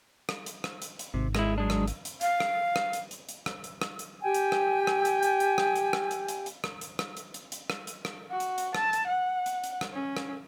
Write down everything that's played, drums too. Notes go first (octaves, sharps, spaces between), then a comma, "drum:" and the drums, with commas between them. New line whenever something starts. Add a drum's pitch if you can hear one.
drum: rim click
drum: hi-hat
drum: rim click
drum: hi-hat
drum: hi-hat
G#1 C3
G#3 E4, drum: rim click
F#3 G#3 D4
drum: rim click
drum: hi-hat
drum: hi-hat
F5, drum: hi-hat
drum: rim click
drum: rim click
drum: hi-hat
drum: hi-hat
drum: hi-hat
drum: rim click
drum: hi-hat
drum: rim click
drum: hi-hat
G4 G5 G#5
drum: hi-hat
drum: rim click
drum: rim click
drum: hi-hat
drum: hi-hat
drum: hi-hat
drum: rim click
drum: hi-hat
drum: rim click
drum: hi-hat
drum: hi-hat
drum: hi-hat
drum: rim click
drum: hi-hat
drum: rim click
drum: hi-hat
drum: hi-hat
drum: hi-hat
drum: rim click
drum: hi-hat
drum: rim click
F#4
drum: hi-hat
drum: hi-hat
A5, drum: rim click
drum: hi-hat
F#5
drum: hi-hat
drum: hi-hat
drum: rim click
C#4
drum: rim click